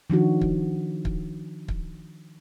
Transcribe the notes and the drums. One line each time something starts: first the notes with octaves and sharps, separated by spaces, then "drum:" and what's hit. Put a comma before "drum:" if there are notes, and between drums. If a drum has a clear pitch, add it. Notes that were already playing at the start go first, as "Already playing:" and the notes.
D#3 F3 D4 F#4
drum: kick
drum: kick
drum: kick